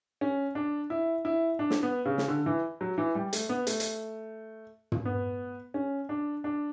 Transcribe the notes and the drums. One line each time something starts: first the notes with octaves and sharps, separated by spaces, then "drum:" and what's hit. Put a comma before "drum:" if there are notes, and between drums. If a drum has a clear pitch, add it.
C#4
D4
E4
E4
D4
drum: snare
B3
C#3
drum: snare
D3
E3
F#3
E3
G3
A3, drum: hi-hat
B3
A3, drum: hi-hat
drum: hi-hat
drum: tom
B3
C#4
D4
D4